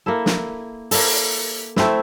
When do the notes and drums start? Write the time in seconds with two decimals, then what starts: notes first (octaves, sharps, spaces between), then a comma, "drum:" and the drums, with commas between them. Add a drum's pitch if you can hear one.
0.06 A#3 E4 A4
0.26 drum: snare
0.91 A#3 E4 A4, drum: open hi-hat
1.76 A3 C4 E4, drum: snare